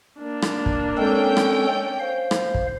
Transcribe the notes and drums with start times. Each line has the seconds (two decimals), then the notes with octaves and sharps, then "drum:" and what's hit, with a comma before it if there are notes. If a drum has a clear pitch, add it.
0.19 A#3 D4
0.42 drum: rim click
0.66 drum: kick
0.97 G#3 C4 C#4 A4 G5
1.37 drum: rim click
2.00 C5 F5
2.31 drum: rim click
2.54 drum: kick